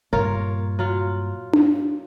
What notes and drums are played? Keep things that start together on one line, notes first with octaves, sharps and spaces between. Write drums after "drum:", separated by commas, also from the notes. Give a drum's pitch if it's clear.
G2 A#2 F4 A#4 C#5
F#3 F4
drum: tom D4